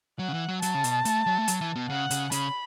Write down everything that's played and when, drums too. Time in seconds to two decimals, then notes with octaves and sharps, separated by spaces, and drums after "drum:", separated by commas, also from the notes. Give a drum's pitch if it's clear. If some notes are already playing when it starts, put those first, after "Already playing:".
0.19 F#3 F#5
0.28 C#3
0.34 E3
0.48 F#3
0.62 F#3 A5, drum: hi-hat
0.74 C#3
0.84 B2, drum: hi-hat
1.05 A3, drum: hi-hat
1.26 F#3
1.38 A3
1.48 F#3, drum: hi-hat
1.61 E3
1.75 B2
1.89 C#3 F#5
2.10 C#3, drum: hi-hat
2.32 C#3 B5, drum: hi-hat